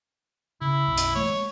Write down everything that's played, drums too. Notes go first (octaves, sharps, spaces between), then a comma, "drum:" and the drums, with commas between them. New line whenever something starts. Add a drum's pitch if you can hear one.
C#3 E4
B1 F#2
drum: hi-hat
E3 A3 A#3 C#5
G#3